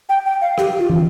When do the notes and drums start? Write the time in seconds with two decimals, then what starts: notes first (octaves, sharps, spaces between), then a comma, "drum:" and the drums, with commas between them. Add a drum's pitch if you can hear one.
0.09 G5
0.26 G5
0.41 F5
0.58 G4, drum: rim click
0.79 F4
0.90 drum: tom